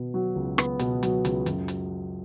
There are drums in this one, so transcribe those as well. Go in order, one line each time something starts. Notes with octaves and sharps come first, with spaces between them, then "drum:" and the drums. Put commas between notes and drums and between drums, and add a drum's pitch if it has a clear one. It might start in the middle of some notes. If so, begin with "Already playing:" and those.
Already playing: B2 B3
F#3
C#2
B3, drum: rim click
B2, drum: hi-hat
F#3, drum: hi-hat
C#2, drum: hi-hat
F#2, drum: hi-hat
drum: hi-hat